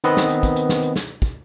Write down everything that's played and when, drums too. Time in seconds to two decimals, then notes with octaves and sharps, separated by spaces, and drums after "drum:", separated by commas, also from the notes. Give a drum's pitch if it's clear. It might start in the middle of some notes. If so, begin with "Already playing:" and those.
0.04 D#3 B3 C4 B4 D#5, drum: hi-hat
0.17 drum: snare
0.30 drum: hi-hat
0.43 drum: kick, hi-hat
0.56 drum: hi-hat
0.69 drum: snare
0.83 drum: hi-hat
0.96 drum: snare
1.22 drum: kick